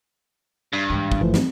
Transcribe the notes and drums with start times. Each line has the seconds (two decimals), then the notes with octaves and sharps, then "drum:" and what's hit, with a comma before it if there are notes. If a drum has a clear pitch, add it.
0.73 G2
0.90 G#2 E3
1.12 drum: kick
1.21 G1 E3 F3 A3
1.34 C4, drum: snare